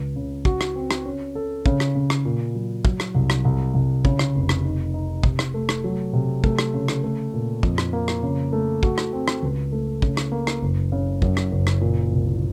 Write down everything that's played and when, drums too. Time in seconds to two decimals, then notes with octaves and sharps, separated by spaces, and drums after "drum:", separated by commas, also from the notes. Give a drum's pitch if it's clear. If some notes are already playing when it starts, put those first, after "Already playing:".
Already playing: C#2
0.16 C#3
0.45 F#4, drum: kick
0.61 drum: rim click
0.76 C4
0.91 drum: rim click
1.05 C#4
1.35 A4
1.66 C#3, drum: kick
1.80 drum: rim click
1.95 C#3
2.10 drum: rim click
2.25 A#2
2.55 F#3
2.85 F#3, drum: kick
3.00 drum: rim click
3.15 C2
3.30 drum: rim click
3.45 C2
3.74 C2
4.05 C#3, drum: kick
4.19 drum: rim click
4.35 F1
4.49 drum: rim click
4.64 D#4
4.94 D#4
5.23 C3, drum: kick
5.39 drum: rim click
5.54 A3
5.69 drum: rim click
5.84 F#3
6.13 C3
6.44 A3, drum: kick
6.59 drum: rim click
6.74 C#3
6.88 drum: rim click
7.04 A3
7.33 A#2
7.63 F2, drum: kick
7.78 drum: rim click
7.93 A#3
8.08 drum: rim click
8.23 C#3
8.53 A3
8.83 F#4, drum: kick
8.98 drum: rim click
9.13 C4
9.28 drum: rim click
9.42 C#2
9.72 A3
10.02 C#3, drum: kick
10.17 drum: rim click
10.32 A#3
10.47 drum: rim click
10.62 F#1
10.92 C#3
11.22 F#2, drum: kick
11.37 drum: rim click
11.51 F#1
11.67 drum: rim click
11.81 A#2
12.12 C2